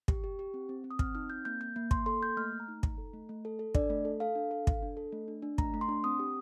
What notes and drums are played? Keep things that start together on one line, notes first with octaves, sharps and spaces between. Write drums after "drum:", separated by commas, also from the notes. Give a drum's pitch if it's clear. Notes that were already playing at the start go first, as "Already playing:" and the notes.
G4, drum: kick
G4
G4
C4
C4
C4
D#6
C4 F6, drum: kick
D#4 F6
C4 G6
A#3 G6
A#3 G6
A#3
A#3 C6, drum: kick
A4 C6
A#3 G6
A3 F6
A3
A#5
D#4
D#4, drum: kick
A4
A3
A3
A4
A4
D4 D5, drum: kick
A3
A4
A4 F5
D4
A4
A4, drum: kick
D4
A4
A3
D4
D4
A3 A#5, drum: kick
A3
C6
D4
C4 D#6
G4